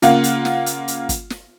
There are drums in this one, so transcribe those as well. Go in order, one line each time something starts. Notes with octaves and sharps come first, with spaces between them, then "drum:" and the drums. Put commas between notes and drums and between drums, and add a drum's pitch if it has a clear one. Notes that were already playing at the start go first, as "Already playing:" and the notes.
C#3 A#3 F4 F5 F#5, drum: hi-hat
drum: hi-hat
drum: snare
drum: hi-hat
drum: hi-hat
drum: kick, hi-hat
drum: snare